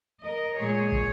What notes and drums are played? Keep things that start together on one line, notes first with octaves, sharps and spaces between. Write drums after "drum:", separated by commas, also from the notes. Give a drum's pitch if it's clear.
A#4 D#5
A#2 G#3 G#4 C#5
drum: kick